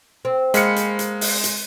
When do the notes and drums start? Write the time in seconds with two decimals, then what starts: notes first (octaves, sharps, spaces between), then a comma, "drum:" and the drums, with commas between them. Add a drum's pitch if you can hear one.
0.25 C4
0.54 G#3 A#3 G5 B5 C#7, drum: hi-hat
0.76 drum: hi-hat
0.99 drum: hi-hat
1.21 drum: open hi-hat
1.44 drum: hi-hat